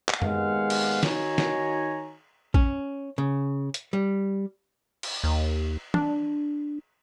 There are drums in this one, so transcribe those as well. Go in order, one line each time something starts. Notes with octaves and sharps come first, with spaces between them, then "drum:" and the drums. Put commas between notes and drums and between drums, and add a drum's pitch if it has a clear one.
drum: clap
D#2 G#3 B3 F5 F#5, drum: tom F#2
drum: cymbal
D#3 D#4 F#4 C#5 G#5 A#5, drum: snare
drum: snare
C#4, drum: kick A#1
C#3
drum: hi-hat
G3
drum: cymbal
D#2
D4, drum: tom